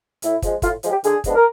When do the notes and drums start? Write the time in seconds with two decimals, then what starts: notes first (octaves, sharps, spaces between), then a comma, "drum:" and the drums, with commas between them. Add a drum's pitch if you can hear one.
0.22 A2 E4, drum: hi-hat
0.42 F3 G#3, drum: kick, hi-hat
0.62 A2 F4, drum: kick, hi-hat
0.83 F3 G#3, drum: hi-hat
0.90 G4
1.04 D3 G#4, drum: hi-hat
1.24 F3 G#3 B3 D4, drum: kick, hi-hat
1.35 A#4